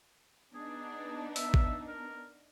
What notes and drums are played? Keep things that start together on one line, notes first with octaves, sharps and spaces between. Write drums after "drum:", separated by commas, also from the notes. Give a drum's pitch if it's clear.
B3 D4 D#4 G#4
E5, drum: open hi-hat
drum: kick G#1
A#4